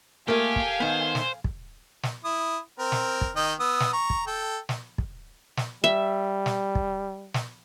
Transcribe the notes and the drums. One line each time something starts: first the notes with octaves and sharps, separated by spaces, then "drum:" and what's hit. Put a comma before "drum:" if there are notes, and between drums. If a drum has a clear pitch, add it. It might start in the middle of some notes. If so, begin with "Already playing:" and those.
A#2 A3 G4 A4 A#4 F5 G#5
drum: kick
D#3 B3 C5
drum: snare
drum: kick
drum: snare
E4 D#6
C4 A#4
drum: snare
drum: kick
D#3 D#5 G5
B3 D#6 E6
drum: snare
A#5 C#6
drum: kick
A4 G5
drum: snare
drum: kick
drum: snare
G3 E5
drum: snare
drum: kick
drum: snare